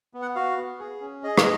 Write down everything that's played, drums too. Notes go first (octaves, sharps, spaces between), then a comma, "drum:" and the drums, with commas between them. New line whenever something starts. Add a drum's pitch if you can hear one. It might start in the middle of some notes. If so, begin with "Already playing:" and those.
B3
F#5
F#4 F5
B3
G#4
C#4
G#4 D#5
drum: rim click